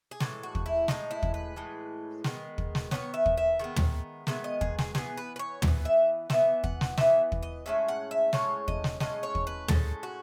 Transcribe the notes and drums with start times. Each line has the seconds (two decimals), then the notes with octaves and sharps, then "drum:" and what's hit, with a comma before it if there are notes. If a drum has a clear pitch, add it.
0.11 G#4
0.20 A2 E3 G#3 A4, drum: snare
0.43 F#4
0.55 drum: kick
0.66 E4
0.88 A2 E3 G#3 D#4, drum: snare
1.11 E4
1.23 drum: kick
1.34 B4
1.56 A2 E3 G#3
2.24 D#3 G#3 B3, drum: snare
2.58 drum: kick
2.75 drum: snare
2.91 D#3 G#3 B3 C#5, drum: snare
3.14 E5
3.26 drum: kick
3.37 E5
3.60 D#3 G#3 B3
3.76 drum: tom
4.27 D#3 G#3 B3 E5, drum: snare
4.44 D#5
4.61 G#4, drum: kick
4.79 G#4, drum: snare
4.95 E3 B3 G#4, drum: snare
5.17 B4
5.36 B4
5.39 C#5
5.62 E3, drum: tom
5.68 B3
5.85 E5
6.30 E3 B3 E5, drum: snare
6.64 F#5, drum: kick
6.81 drum: snare
6.98 E3 B3 E5, drum: snare
7.32 drum: kick
7.43 D#5
7.66 A2 G#3 C#4 E5
7.88 F#5
8.11 E5
8.33 A2 G#3 C#4 C#5, drum: snare
8.68 D#5, drum: kick
8.84 drum: snare
9.00 A2 G#3 C#4 D#5, drum: snare
9.23 C#5
9.35 drum: kick
9.47 B4
9.68 A2 G#3 C#4 A4, drum: tom
10.03 F#4